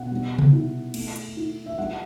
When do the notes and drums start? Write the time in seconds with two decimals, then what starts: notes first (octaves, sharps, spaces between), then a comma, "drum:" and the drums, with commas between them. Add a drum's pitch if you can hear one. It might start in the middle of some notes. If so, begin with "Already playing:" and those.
Already playing: B2 F#5
0.12 G3
0.39 drum: tom C3
0.52 E4
0.94 A3, drum: cymbal
1.16 drum: hi-hat
1.37 E4
1.66 E5
1.78 G3 F#5